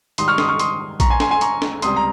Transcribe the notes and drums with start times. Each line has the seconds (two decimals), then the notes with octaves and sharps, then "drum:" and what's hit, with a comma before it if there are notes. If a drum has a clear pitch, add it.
0.18 G#2 D#3 G3 C6 D#6, drum: hi-hat
0.28 C#6 F6
0.38 C6 D#6, drum: snare
0.48 C#6 F6
0.59 C6 D#6, drum: hi-hat
1.00 A#5 C#6, drum: kick A#1, hi-hat
1.10 G#5 C6
1.20 G#5 C6, drum: snare
1.31 G#5 C6
1.41 A#5 C#6, drum: hi-hat
1.62 drum: snare
1.82 C#2 C3 G3 C6 D#6, drum: hi-hat
1.96 A#5